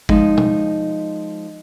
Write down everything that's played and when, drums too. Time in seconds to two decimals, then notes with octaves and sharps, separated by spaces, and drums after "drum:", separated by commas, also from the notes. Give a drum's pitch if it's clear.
0.09 F3 G#3 D#4, drum: kick
0.37 drum: tom